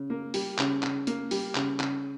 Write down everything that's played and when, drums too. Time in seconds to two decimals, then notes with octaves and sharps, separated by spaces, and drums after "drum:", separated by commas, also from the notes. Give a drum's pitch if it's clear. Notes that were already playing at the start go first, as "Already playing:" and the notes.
Already playing: C#3
0.10 A#3
0.34 G3, drum: open hi-hat
0.58 C#3, drum: clap
0.83 C#3, drum: clap
1.07 A#3, drum: hi-hat
1.31 G3, drum: open hi-hat
1.55 C#3, drum: clap
1.80 C#3, drum: clap